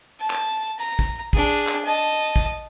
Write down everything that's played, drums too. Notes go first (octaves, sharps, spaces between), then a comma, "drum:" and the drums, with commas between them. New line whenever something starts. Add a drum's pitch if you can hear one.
A5
drum: clap
A#5
drum: kick
D4 G#4, drum: kick
drum: clap
D#5 A5
drum: kick